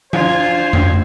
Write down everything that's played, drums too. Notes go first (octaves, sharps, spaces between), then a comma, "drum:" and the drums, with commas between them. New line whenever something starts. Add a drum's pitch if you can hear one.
D4 F4 C5 G#5 G#6, drum: tom F3
drum: tom F2